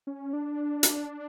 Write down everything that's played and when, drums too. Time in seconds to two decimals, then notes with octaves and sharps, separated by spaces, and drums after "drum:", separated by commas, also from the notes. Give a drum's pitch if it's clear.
0.07 C#4
0.33 D4
0.83 drum: hi-hat